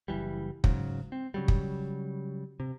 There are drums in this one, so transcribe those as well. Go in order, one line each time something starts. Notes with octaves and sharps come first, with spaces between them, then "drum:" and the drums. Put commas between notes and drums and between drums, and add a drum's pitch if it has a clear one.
F#1 C2 E3 G3
G#2 C#3 F#3, drum: kick
C4
C#3 F#3 G3
drum: kick
C3